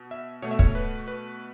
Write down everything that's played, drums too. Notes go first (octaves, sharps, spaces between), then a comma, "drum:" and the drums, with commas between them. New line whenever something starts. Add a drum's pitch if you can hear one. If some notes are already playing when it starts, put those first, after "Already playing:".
Already playing: B2
E5
B2 A3 C#5
E5
C#5, drum: kick
B4
B4